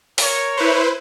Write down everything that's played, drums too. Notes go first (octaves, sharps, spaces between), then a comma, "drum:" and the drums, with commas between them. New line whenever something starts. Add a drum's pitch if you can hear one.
A#4 C#5, drum: open hi-hat
E4 B4 C5